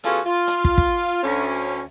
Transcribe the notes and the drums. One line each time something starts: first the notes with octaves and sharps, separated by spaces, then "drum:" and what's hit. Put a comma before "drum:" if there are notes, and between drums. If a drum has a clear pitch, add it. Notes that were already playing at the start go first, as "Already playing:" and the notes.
E2 C#4 F4 F#4 G#4 A4, drum: hi-hat
F4
drum: hi-hat
drum: kick
drum: kick
D2 C#4